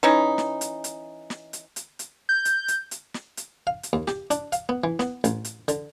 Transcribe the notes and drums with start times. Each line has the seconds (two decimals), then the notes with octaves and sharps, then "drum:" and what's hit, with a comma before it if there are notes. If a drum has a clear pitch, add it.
0.03 E3 C#4 D#4
0.38 drum: snare
0.61 drum: hi-hat
0.84 drum: hi-hat
1.30 drum: snare
1.53 drum: hi-hat
1.76 drum: hi-hat
1.99 drum: hi-hat
2.29 G6
2.45 drum: hi-hat
2.68 drum: hi-hat
2.91 drum: hi-hat
3.14 drum: snare
3.37 drum: hi-hat
3.67 F5
3.83 drum: hi-hat
3.93 D#2
4.08 G4, drum: snare
4.31 D4, drum: hi-hat
4.52 F5, drum: hi-hat
4.69 B3
4.84 E3
4.99 B3, drum: snare
5.24 A1, drum: hi-hat
5.45 drum: hi-hat
5.68 D3, drum: hi-hat